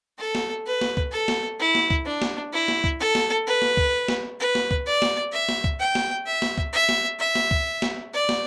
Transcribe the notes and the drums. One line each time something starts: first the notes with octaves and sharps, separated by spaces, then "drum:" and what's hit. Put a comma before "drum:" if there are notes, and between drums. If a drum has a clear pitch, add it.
A4
drum: snare
B4
drum: snare
drum: kick C#2
A4
drum: snare
E4
drum: snare
drum: kick C#2
D4
drum: snare
E4
drum: snare
drum: kick C#2
A4
drum: snare
B4
drum: snare
drum: kick C#2
drum: snare
B4
drum: snare
drum: kick C#2
D5
drum: snare
E5
drum: snare
drum: kick C#2
G5
drum: snare
E5
drum: snare
drum: kick C#2
E5
drum: snare
E5
drum: snare
drum: kick C#2
drum: snare
D5
drum: snare